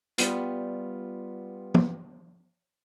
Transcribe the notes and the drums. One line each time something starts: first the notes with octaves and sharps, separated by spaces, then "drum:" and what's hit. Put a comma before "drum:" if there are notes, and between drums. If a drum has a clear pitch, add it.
G3 B3 F4, drum: hi-hat
drum: tom